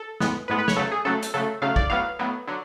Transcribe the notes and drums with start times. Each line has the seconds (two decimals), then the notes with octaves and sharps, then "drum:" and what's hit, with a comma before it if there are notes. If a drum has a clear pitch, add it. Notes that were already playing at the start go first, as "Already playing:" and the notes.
Already playing: A4
0.20 A2 G#3 B3, drum: snare
0.48 A2 G#3 B3 B4
0.58 B4
0.68 C#5, drum: snare
0.76 C#3 F#3 A3 A4
0.92 G#4
1.05 C#3 F#3 A3 A4
1.22 drum: hi-hat
1.34 C#3 F#3 A3 A4
1.62 C#3 F#3 A3 F5
1.76 D5, drum: kick
1.90 A2 F#3 B3 F5
2.19 A2 F#3 B3
2.47 D3 F#3